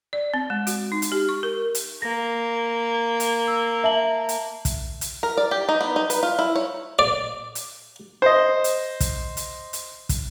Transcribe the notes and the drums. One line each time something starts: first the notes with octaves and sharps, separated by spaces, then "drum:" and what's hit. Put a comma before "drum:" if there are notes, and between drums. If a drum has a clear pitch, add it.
D5
C4
G#3
F#4, drum: hi-hat
D#4
drum: hi-hat
G4
C#6
A#4
drum: hi-hat
A#3 A#6
drum: hi-hat
E6
E5 A5 F#7
drum: hi-hat
drum: kick, hi-hat
drum: hi-hat
A#4
D5
G4
D#4
B3
D#4
B4, drum: hi-hat
F4
E4
C#5
D5
drum: hi-hat
C5 D#5
drum: hi-hat
drum: kick, hi-hat
drum: hi-hat
drum: hi-hat
drum: kick, hi-hat